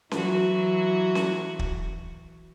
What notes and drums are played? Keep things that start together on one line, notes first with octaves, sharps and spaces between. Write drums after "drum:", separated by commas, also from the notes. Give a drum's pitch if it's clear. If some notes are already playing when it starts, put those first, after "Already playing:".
E3 F#3 F#4, drum: snare C#4
drum: snare C#4
drum: kick